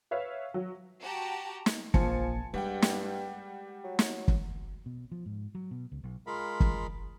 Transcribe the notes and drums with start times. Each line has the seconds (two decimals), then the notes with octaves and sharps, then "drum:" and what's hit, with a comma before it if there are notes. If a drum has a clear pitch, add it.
0.11 B4 C#5 E5 F5
0.54 F#3
1.02 F#4 G4 G5 A5 A#5
1.66 drum: snare
1.94 A#1 F3 G#5 A5 C#7, drum: kick F#1
2.54 G2 G3 G#3 F#5 G5
2.82 drum: snare
3.84 F#3
3.99 drum: snare
4.28 drum: kick F#1
4.86 B2
5.12 F3
5.26 G#2
5.55 F#3
5.71 B2
5.92 C#2
6.04 B1
6.27 G#3 F4 A#4 F5 B5
6.60 drum: kick F#1